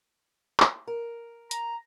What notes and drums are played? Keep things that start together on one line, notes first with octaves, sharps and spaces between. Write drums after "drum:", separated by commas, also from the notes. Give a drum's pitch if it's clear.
drum: clap
A#4
A#5, drum: hi-hat